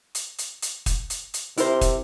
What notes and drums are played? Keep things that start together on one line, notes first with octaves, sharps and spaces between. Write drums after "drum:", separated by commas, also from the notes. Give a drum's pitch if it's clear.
drum: hi-hat
drum: hi-hat
drum: hi-hat
drum: kick, hi-hat
drum: hi-hat
drum: hi-hat
C3 E4 A#4 C5, drum: hi-hat
drum: kick, hi-hat